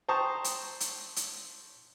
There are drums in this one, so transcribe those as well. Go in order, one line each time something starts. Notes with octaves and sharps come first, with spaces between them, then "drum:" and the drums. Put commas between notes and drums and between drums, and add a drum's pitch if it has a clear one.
C5 A5 A#5 C#6 D#6
drum: hi-hat
drum: hi-hat
drum: hi-hat